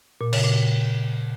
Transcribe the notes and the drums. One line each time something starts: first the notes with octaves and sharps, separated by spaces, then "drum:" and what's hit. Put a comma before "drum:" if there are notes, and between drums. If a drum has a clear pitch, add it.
A#2
C#3, drum: cymbal
A#2